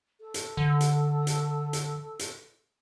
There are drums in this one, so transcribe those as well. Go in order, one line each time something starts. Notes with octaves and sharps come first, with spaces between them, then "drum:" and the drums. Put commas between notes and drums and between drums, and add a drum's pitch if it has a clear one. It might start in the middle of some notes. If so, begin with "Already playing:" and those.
A4
drum: hi-hat
D3
drum: hi-hat
drum: hi-hat
drum: hi-hat
drum: hi-hat